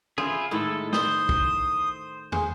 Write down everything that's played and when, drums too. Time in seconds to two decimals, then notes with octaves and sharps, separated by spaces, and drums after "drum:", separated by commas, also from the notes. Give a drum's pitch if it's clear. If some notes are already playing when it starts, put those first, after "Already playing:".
0.18 E4 F4 G#4 C5, drum: tom
0.51 A2 D#3 G#3 E4 A4
0.93 C5 D#6, drum: snare
1.29 drum: kick
2.32 G#4 C5, drum: tom